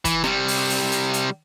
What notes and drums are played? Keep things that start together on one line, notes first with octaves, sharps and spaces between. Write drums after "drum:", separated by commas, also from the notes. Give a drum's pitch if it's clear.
E3, drum: kick, hi-hat
C3 G3, drum: rim click
drum: open hi-hat
drum: open hi-hat
drum: hi-hat
drum: hi-hat